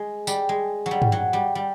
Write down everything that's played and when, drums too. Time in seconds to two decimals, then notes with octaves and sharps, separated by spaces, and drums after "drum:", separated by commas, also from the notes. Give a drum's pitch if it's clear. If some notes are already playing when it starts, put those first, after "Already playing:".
Already playing: G#3
0.27 G3, drum: tambourine
0.49 G#3
0.86 F#3
0.91 G3
1.02 drum: tom
1.12 F#3
1.33 G3
1.55 G3